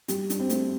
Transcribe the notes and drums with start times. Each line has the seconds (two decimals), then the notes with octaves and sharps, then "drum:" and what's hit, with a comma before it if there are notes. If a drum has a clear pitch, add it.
0.08 G3, drum: hi-hat
0.30 D4, drum: hi-hat
0.39 C4
0.49 A3, drum: hi-hat